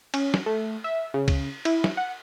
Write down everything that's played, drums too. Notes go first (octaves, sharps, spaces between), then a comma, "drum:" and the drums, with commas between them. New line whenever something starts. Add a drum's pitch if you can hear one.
C#4, drum: cymbal
drum: snare
A3
E5
C#3
drum: kick C#2, cymbal
E4, drum: cymbal
drum: snare
F#5